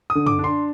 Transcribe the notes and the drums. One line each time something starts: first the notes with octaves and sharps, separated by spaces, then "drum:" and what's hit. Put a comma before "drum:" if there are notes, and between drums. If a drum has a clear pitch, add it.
D#6
D3
D6, drum: tom F#2
D4
C6